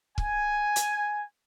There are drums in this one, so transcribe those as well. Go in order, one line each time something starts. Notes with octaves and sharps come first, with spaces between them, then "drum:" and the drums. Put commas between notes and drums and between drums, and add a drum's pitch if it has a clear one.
G#5, drum: kick
drum: hi-hat